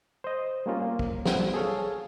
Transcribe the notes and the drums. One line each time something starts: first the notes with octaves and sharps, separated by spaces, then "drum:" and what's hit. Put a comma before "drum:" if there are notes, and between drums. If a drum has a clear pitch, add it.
C5 D#5
G3 A#3 C#4 F4
A#3
drum: kick
F3 G3 B3 C4, drum: snare
G#4 A4 C#5 F5